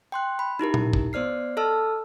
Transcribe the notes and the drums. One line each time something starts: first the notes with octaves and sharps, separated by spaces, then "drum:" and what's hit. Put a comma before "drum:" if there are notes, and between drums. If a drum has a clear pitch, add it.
G5 C6 F#6
B5
D#4 E4 G4 A#4
drum: tom A#2
drum: kick
B3 C5 D5 F6 C7
A4 D#5 A5 E6 F6